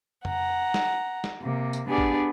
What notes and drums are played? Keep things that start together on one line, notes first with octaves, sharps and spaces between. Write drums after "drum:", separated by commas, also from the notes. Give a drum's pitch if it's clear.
F#5 A#5, drum: tom F2
drum: snare
drum: snare
C3 A#3
drum: tambourine
B3 D4 G4 G#4 D5
drum: kick G#1